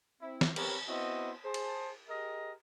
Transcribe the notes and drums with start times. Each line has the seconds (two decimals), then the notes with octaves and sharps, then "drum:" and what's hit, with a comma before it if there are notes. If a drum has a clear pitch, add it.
0.21 C4 E4
0.41 drum: snare
0.56 C4 G4 A#4 B4 C#5, drum: cymbal
0.88 B3 C4 E4 F#4 C5 D#5
1.45 G#4 C5 A5
1.54 drum: cymbal
2.08 G4 G#4 A#4 D#5